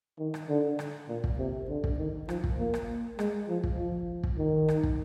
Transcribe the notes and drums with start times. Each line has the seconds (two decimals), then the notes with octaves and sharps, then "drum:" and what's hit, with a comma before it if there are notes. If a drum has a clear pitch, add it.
0.19 D#3
0.34 drum: rim click
0.49 D3
0.79 drum: rim click
1.09 A#2
1.24 drum: kick
1.38 C3
1.69 D3
1.84 drum: kick
1.98 D#3
2.29 F3, drum: rim click
2.44 drum: kick
2.59 A#3
2.74 drum: rim click
3.19 G#3, drum: rim click
3.49 F3
3.64 drum: kick
3.78 F3
4.23 drum: kick
4.38 D#3
4.68 drum: rim click
4.83 drum: kick